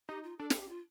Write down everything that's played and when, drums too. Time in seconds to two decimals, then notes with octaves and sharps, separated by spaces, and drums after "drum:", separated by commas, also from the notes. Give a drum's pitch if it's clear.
0.09 D#4 G4
0.24 F4
0.39 D4 A4
0.50 A4, drum: snare
0.60 G4
0.69 F4